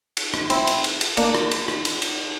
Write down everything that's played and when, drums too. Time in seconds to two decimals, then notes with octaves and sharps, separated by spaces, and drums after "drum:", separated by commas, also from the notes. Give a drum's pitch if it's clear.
0.17 drum: cymbal
0.34 drum: rim click
0.50 C4 E4, drum: cymbal
0.67 drum: cymbal
0.84 drum: cymbal
1.01 drum: cymbal
1.17 A#3 D4, drum: cymbal
1.35 drum: rim click
1.51 drum: cymbal
1.68 drum: rim click
1.85 drum: cymbal
2.02 drum: cymbal